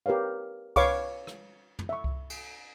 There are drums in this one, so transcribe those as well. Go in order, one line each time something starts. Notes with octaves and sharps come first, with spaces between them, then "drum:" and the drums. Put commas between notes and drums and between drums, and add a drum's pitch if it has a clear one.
G4 A#4 B4 C#5 F5
B4 C#5 F5 B5 C#6 D6, drum: kick C2, cymbal
drum: rim click
drum: tom
E5 C#6
drum: kick C2
drum: cymbal